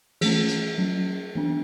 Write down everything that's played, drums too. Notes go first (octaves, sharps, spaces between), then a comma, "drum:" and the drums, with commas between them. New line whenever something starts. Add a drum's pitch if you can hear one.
E3 A3 C#4 G#4, drum: cymbal
drum: hi-hat
F#3 C#4
E3 B3 D4